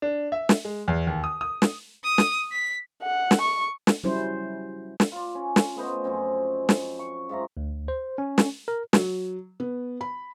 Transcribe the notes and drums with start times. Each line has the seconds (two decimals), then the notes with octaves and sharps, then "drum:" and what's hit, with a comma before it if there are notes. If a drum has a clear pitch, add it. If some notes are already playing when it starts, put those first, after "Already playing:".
0.02 D4
0.32 E5
0.49 drum: snare
0.65 G#3
0.88 E2
1.07 D#2
1.24 D#6
1.41 D#6
1.62 drum: snare
2.04 D#6
2.18 drum: snare
2.52 B6
3.03 F#5
3.31 drum: snare
3.41 C#6
3.87 drum: snare
4.04 F#3 G3 C#4 E4 C5
5.00 drum: snare
5.12 F4 D5
5.35 C#4
5.56 drum: snare
5.76 A3 B3 C5 D#5
6.04 F#2 F3 C4 C#4
6.69 drum: snare
6.99 C#6
7.29 G#2 F4 E5 A#5
7.57 D2
7.88 C5
8.18 C#4
8.38 drum: snare
8.68 A#4
8.93 F#3, drum: snare
9.60 B3
10.01 B5